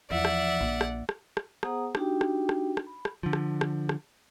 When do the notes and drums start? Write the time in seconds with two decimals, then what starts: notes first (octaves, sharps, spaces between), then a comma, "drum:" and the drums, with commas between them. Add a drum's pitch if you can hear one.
0.11 E2 F3 D5 E5 F#5
0.25 drum: rim click
0.61 A#1
0.81 drum: rim click
1.09 drum: rim click
1.37 drum: rim click
1.63 B3 G#4 C5 F#5 A#5 D#6, drum: rim click
1.95 D4 D#4 F#4 G4 G5, drum: rim click
2.21 drum: rim click
2.49 drum: rim click
2.77 drum: rim click
2.87 B5
3.05 drum: rim click
3.23 D3 F3
3.33 drum: rim click
3.61 drum: rim click
3.89 drum: rim click